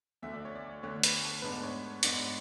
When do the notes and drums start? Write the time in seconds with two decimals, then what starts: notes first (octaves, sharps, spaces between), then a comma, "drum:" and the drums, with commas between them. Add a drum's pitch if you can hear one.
0.22 D2 D3 A3 E5
0.34 D5
0.45 C#5
0.55 D5
0.83 D2 D3 A3 C#5
1.03 B4, drum: hi-hat
1.23 A4
1.42 G#2 G#3 B3 D4 B4
1.63 C#5
2.03 G#2 G#3 B3 D4 D5, drum: hi-hat